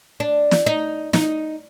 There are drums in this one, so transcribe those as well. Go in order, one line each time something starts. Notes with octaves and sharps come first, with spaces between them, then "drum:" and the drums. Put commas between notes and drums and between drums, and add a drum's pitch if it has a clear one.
D4
drum: snare
D#4
D#4, drum: snare